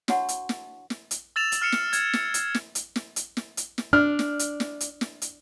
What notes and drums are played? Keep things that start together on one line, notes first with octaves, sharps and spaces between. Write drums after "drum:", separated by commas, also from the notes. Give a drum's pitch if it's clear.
D4 F#4 C#5 F#5 A5 C#6, drum: snare
drum: hi-hat
drum: snare
drum: snare
drum: hi-hat
E6 A6 E7 F7
drum: hi-hat
F6 C7 C#7 E7 F7
drum: snare
G#6, drum: hi-hat
drum: snare
drum: hi-hat
drum: snare
drum: hi-hat
drum: snare
drum: hi-hat
drum: snare
drum: hi-hat
drum: snare
D4 F6
drum: snare
drum: hi-hat
drum: snare
drum: hi-hat
drum: snare
drum: hi-hat